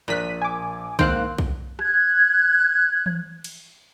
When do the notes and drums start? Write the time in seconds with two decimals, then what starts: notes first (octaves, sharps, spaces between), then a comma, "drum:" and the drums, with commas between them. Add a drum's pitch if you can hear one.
0.08 A#1 A#2 F#6 B6 D#7
0.42 G#5 D6
0.99 G#2 D#3 A#3 C4 F5 F#6, drum: kick B1
1.38 drum: kick B1
1.79 F#6 G#6, drum: rim click
3.06 drum: tom E3
3.44 drum: cymbal